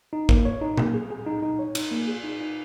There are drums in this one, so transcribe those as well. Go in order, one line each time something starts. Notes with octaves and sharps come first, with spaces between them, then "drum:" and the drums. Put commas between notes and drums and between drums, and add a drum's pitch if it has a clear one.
D#4
A#3, drum: kick
C#5
D#4
A#3, drum: tom A#2
G#4
G#4
D#4
D#4
C#5
D#4, drum: cymbal
A#3
G#4
D#4
D#4